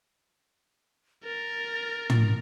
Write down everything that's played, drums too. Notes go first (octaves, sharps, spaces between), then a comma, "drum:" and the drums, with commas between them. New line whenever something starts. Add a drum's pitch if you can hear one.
A#4 A6
drum: tom